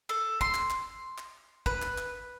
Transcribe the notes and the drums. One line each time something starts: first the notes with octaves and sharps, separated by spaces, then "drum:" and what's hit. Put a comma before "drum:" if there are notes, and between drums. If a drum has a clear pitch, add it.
A4
C6, drum: kick
drum: clap
drum: clap
drum: clap
B4, drum: kick
drum: clap
drum: clap